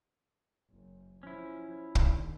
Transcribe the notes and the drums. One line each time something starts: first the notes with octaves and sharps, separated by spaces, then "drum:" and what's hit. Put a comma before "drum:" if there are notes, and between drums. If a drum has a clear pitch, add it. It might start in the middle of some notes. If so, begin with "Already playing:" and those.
F#1
F3 C#4 E4
D#2 D3, drum: kick